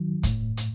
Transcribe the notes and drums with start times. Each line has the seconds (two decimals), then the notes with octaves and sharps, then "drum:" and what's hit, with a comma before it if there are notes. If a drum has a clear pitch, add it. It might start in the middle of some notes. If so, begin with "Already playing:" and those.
Already playing: D#3 F#3
0.23 A2, drum: kick, hi-hat
0.57 drum: hi-hat